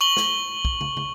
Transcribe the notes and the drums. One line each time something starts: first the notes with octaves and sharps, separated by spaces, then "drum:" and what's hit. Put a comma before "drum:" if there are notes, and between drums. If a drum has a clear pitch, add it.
C#6 F#7 G7
drum: snare
drum: kick
drum: tom
drum: tom